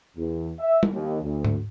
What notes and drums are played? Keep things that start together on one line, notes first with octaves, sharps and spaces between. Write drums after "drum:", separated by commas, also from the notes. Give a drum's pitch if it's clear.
E2
E5
drum: tom
D#2
D2
drum: tom G#2